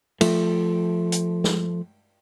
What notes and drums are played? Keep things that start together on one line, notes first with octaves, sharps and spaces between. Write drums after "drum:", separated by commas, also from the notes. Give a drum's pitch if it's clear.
F3 A3, drum: cymbal
drum: hi-hat
drum: snare